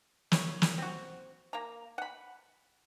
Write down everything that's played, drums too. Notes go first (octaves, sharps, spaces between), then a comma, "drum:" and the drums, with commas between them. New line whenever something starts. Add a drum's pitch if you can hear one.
E4 C#5, drum: snare
drum: snare
C4 F#4
A#3 A#5
F#5 B5